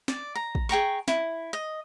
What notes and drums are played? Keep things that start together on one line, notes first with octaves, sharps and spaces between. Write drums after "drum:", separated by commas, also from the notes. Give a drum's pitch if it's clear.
D5, drum: snare
A#5
drum: kick
G#4 G5 A#5 C#6
E4, drum: snare
D#5